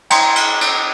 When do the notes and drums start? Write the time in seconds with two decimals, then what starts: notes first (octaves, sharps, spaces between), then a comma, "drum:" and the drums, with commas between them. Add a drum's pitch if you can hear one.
0.10 G5 A#5 C6, drum: cymbal
0.36 drum: cymbal
0.61 drum: cymbal